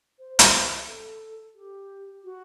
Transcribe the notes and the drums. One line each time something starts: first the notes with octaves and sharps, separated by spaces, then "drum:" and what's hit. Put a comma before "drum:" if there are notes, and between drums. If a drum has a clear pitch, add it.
C5
drum: hi-hat
A4
G4
F#4